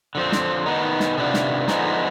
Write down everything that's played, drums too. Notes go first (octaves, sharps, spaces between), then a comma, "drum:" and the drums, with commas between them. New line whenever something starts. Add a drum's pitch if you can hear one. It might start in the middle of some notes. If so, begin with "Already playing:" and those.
D3 F3 C4
drum: snare
D#3 B3 D#4
drum: snare
C3 D#3 B3 D4 F4
drum: snare
D3 F3 G#3 B3 D#4, drum: snare